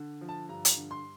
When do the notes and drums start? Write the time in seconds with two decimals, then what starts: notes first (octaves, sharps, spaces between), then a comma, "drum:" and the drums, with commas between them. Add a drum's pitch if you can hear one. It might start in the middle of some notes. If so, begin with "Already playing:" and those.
Already playing: D3
0.21 F3
0.29 A5
0.49 G2 A#5
0.65 drum: hi-hat
0.77 D3
0.91 C6